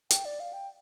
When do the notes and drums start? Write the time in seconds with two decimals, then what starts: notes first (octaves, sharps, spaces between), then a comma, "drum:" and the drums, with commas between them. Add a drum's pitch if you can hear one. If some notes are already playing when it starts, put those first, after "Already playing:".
0.11 G5, drum: hi-hat
0.25 D5
0.40 F5
0.53 G5